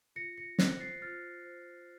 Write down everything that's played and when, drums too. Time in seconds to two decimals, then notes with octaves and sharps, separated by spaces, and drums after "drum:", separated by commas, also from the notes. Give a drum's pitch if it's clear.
0.16 F4 A#6 C#7
0.38 A#6 C#7
0.59 C5 F#6 A#6, drum: snare
0.80 A6 C7
1.02 F4 F6 A6
1.45 C5